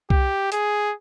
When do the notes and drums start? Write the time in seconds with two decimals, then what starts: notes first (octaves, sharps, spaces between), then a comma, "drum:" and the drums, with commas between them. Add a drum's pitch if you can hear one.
0.10 G4, drum: kick C2
0.52 G#4, drum: hi-hat